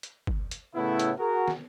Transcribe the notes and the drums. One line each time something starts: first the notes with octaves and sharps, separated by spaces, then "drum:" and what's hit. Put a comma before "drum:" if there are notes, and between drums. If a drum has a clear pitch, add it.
drum: hi-hat
drum: kick
drum: hi-hat
A2 C#3 A3 B3 E4
drum: hi-hat
F#4 G#4 A#4
drum: snare